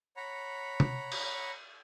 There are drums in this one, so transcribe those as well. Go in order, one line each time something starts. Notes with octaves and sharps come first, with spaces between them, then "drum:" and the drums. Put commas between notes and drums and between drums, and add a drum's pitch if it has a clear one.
C#5 F#5 A#5 B5
drum: tom
drum: cymbal